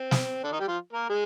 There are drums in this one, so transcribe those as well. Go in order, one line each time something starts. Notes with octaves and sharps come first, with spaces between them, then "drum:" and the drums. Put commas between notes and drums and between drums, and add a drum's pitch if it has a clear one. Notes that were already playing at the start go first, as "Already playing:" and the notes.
Already playing: C4
drum: snare
D3 D4
D#3 D#4
G3 G4
F3 F4
A#3 A#4
G#3 G#4